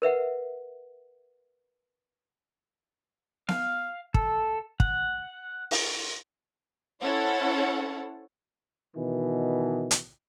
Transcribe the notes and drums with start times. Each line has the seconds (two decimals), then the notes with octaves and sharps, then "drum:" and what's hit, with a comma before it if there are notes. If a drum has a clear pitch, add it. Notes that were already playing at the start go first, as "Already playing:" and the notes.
0.02 A#4 B4 E5 F#5
3.49 F5, drum: snare B3
4.14 A4, drum: kick
4.80 F#5, drum: kick
5.71 drum: open hi-hat
7.02 C#4 E4 A4 C5 C#5 F#5
8.96 B2 D#3 E3
9.91 drum: hi-hat